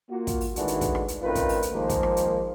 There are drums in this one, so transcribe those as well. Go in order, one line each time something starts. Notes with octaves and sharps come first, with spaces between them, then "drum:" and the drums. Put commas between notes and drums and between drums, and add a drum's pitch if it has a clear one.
A#3 F4 F#4
drum: kick, hi-hat
drum: open hi-hat
A2 D#3 E3 G#3 D4 F#4, drum: hi-hat
drum: hi-hat
drum: kick, hi-hat
drum: rim click
drum: hi-hat
F#2 A2 D#3 C4 F4 B4
drum: kick, hi-hat
drum: open hi-hat
drum: hi-hat
D#3 F3 G#3 A#3
drum: kick, hi-hat
drum: rim click
drum: hi-hat